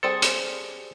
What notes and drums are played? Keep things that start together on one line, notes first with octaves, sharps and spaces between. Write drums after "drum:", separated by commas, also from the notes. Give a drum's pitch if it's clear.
G3 C4 G#4 A4
drum: hi-hat